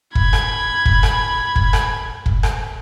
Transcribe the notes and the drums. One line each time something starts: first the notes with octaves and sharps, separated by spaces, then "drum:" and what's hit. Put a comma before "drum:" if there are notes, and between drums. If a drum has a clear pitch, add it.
B5 G#6, drum: kick
drum: rim click
drum: kick
drum: rim click
drum: kick
drum: rim click
drum: kick
drum: rim click